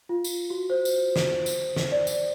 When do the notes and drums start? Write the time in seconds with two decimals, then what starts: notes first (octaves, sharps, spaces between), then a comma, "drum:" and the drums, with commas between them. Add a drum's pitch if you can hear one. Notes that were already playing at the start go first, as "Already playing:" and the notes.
0.09 F4
0.24 drum: tambourine
0.50 F#4
0.70 C5
0.85 drum: tambourine
1.16 drum: snare
1.46 drum: tambourine
1.76 drum: snare
1.92 D5
2.07 drum: tambourine